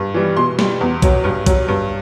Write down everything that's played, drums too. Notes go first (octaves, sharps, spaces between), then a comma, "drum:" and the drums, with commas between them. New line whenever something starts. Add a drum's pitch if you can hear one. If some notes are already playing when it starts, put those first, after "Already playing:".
Already playing: G2
E3 G3
B2 C6
G3, drum: snare
E2
B2 F#3, drum: kick A#1, hi-hat
G2
F#3, drum: kick A#1, hi-hat
G2